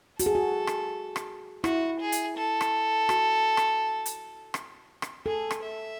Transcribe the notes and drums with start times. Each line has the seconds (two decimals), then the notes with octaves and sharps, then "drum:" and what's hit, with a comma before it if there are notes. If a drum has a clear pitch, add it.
0.19 F#4 A4, drum: hi-hat
0.26 G#4
0.35 F#4
0.67 drum: rim click
1.16 drum: rim click
1.64 E4 F#4, drum: rim click
2.00 G#4
2.12 drum: hi-hat
2.37 A4
2.61 drum: rim click
3.09 F#4, drum: rim click
3.57 drum: rim click
4.06 drum: hi-hat
4.54 drum: rim click
5.02 drum: rim click
5.26 G#4 A4
5.51 drum: rim click
5.63 E5